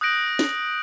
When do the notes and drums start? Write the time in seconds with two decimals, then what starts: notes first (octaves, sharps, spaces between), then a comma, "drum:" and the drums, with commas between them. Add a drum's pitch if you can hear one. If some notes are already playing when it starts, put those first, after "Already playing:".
0.01 D#6 F#6 G6 A#6 D7 F#7
0.39 drum: snare